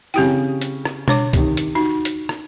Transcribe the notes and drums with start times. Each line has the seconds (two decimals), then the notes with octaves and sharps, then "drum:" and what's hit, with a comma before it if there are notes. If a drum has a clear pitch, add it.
0.14 C#3 E3 C4 G4 G5
0.62 drum: hi-hat
0.85 drum: rim click
1.08 D4 C#5 D6, drum: tom B2
1.33 C3 D#3, drum: kick C2, hi-hat
1.57 drum: hi-hat
1.75 D#4 F#4
2.05 drum: hi-hat
2.29 drum: rim click